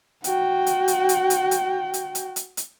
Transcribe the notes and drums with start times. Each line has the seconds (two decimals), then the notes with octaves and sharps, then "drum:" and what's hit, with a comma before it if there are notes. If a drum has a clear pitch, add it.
0.24 F#4 G5, drum: hi-hat
0.66 drum: hi-hat
0.88 drum: hi-hat
1.09 drum: hi-hat
1.30 drum: hi-hat
1.51 drum: hi-hat
1.94 drum: hi-hat
2.15 drum: hi-hat
2.36 drum: hi-hat
2.57 drum: hi-hat